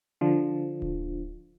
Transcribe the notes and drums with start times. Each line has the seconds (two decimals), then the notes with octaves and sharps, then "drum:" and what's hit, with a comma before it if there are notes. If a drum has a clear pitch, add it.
0.21 D3 F3
0.82 drum: kick D1